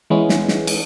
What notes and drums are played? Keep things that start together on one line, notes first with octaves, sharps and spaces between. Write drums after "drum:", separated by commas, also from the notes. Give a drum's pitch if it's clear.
E3 G#3 B3 C#4
drum: snare
drum: snare
drum: cymbal